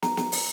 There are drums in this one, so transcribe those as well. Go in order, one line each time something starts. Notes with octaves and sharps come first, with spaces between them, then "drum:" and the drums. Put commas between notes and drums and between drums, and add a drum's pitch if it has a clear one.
A#5, drum: snare
drum: snare
drum: open hi-hat